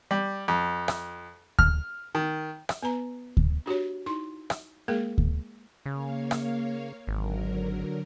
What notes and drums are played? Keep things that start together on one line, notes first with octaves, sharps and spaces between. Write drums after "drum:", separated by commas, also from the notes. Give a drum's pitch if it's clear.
G3
F2
drum: rim click
F6, drum: kick D2
D#3
drum: rim click
B3 B4 A#5
drum: kick D2
D4 F#4 G4 C#5
D#4 E4 C6
drum: rim click
G#3 A#3 G#4 A#4
drum: kick D2
C#3 A#3 C#5 F5
drum: rim click
G#1 D3 F#3 A#4